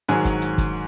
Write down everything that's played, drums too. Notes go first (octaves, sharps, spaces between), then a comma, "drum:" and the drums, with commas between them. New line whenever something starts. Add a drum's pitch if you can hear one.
G#2 D#3 F#3 G#5, drum: hi-hat
drum: kick, hi-hat
drum: hi-hat
drum: kick, hi-hat